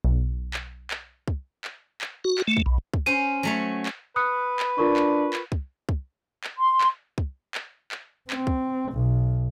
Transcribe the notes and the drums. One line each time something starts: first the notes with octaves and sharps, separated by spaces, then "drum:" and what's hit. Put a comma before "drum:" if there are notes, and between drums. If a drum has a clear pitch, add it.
B1
drum: clap
drum: clap
drum: kick
drum: clap
drum: clap
F#4
drum: clap
A3
drum: kick
B1
drum: kick
C#4 C5 D#7
F#3 A3 C#5
drum: clap
B4 D#6 F#6 C#7
drum: clap
D4 F4 A#4 C#6
drum: clap
drum: clap
drum: kick
drum: kick
drum: clap
C6
drum: clap
drum: kick
drum: clap
drum: clap
C4, drum: clap
drum: kick
B1